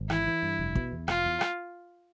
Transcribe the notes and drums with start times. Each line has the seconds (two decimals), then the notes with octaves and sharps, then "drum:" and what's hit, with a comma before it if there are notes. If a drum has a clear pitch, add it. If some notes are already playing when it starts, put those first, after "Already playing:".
Already playing: G#1
0.10 E3 E4, drum: rim click
0.27 E3
0.43 G2
0.59 F1
0.75 B2, drum: kick
0.92 E2
1.08 F1 F4, drum: rim click
1.25 E2
1.41 drum: rim click